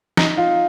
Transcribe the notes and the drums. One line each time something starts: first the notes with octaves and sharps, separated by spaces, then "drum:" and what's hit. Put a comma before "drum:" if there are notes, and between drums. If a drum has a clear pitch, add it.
D#4, drum: snare
F4